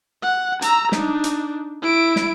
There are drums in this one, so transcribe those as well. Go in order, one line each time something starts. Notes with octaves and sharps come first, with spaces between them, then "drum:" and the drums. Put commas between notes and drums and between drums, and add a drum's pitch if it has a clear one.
F#5
A#5 E6, drum: hi-hat
D4 D#4, drum: snare
drum: hi-hat
E4 D7
drum: snare